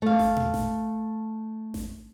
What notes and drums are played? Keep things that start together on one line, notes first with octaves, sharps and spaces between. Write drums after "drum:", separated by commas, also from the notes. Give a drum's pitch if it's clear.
A3 F5
drum: snare G#1
drum: tom A#2
drum: snare G#1
drum: snare G#1